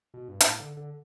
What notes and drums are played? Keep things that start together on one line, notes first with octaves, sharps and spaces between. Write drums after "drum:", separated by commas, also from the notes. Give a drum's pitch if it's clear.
B2
G2
A2, drum: hi-hat
D3
D3